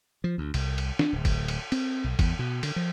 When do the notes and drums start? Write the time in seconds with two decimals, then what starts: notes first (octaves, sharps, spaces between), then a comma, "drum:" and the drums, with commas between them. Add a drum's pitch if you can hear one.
0.24 F3
0.38 D2
0.54 C2, drum: cymbal
0.78 drum: cymbal
0.99 D4, drum: snare
1.12 D1
1.25 drum: kick, cymbal
1.48 drum: cymbal
1.72 C4, drum: cymbal
2.04 B1
2.19 E2, drum: kick, cymbal
2.39 B2
2.63 D3, drum: cymbal
2.76 F3